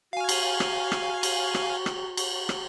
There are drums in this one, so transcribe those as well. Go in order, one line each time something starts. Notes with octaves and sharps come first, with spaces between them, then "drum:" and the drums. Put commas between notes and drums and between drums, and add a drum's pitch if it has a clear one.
F#4 F5 G#5
drum: cymbal
drum: rim click
drum: rim click
drum: cymbal
drum: rim click
drum: rim click
drum: cymbal
drum: rim click